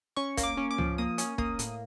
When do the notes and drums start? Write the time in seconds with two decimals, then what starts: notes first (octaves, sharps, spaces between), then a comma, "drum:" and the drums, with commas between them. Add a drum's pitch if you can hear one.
0.16 C#4 C#6
0.37 A#3, drum: kick, hi-hat
0.43 D6
0.57 C#4
0.71 D6
0.78 F3, drum: tom C#2
0.98 A#3 D#6
1.18 C#4, drum: hi-hat
1.38 A#3 D#6, drum: kick
1.59 A2, drum: hi-hat